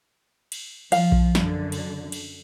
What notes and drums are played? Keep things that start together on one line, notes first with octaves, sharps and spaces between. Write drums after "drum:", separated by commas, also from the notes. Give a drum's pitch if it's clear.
drum: cymbal
F3 F5, drum: cymbal
drum: kick A#1
F#2 D3, drum: snare
drum: cymbal
drum: cymbal